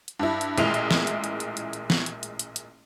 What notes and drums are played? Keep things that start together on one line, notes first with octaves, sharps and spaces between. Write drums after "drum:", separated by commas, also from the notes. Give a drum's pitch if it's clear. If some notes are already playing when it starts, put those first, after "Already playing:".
drum: hi-hat
G2 E4
drum: hi-hat
A1 A#2 G#3 E4 F7, drum: hi-hat
drum: hi-hat
drum: snare
drum: hi-hat
drum: hi-hat
drum: hi-hat
drum: hi-hat
drum: hi-hat
drum: snare
drum: hi-hat
drum: hi-hat
drum: hi-hat
drum: hi-hat